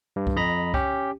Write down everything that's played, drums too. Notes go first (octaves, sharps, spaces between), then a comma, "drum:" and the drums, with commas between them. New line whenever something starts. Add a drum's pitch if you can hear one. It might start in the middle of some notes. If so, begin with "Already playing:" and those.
G2
drum: kick C2
F2 D#5 A#5 B5 A#6
C#4 G4, drum: kick C2